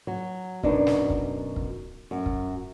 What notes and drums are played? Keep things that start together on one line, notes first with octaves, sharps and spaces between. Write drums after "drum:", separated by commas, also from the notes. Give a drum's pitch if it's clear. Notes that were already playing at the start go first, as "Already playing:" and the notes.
F#3
F#2 B2 D4 D#4, drum: kick
drum: snare
drum: kick
drum: kick
F#2
drum: kick